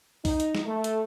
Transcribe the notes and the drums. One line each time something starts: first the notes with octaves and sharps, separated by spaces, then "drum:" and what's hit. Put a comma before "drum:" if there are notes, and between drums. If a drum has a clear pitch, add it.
D#4, drum: kick C2, open hi-hat
drum: hi-hat
drum: snare
A3
drum: hi-hat